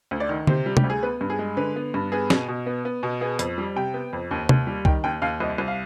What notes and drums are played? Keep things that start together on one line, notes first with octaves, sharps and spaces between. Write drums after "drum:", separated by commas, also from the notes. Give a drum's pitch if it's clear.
D2
D5
D#3
C3 C5, drum: tom D3
G3
G4, drum: tom C3
D2
G#4
B3 B4
G2
G#4
G#3
D3 B4
B3
G2
B3 G#4
B2, drum: snare
B2
B3
B3
B2
B3 G#4
F2, drum: hi-hat
G3
C3 G5
B3
F2
D#2
D#2, drum: tom C3
G3
D#3 G5, drum: kick C2
D#2 G5
D#2 F5
C2 D#5
C2
F5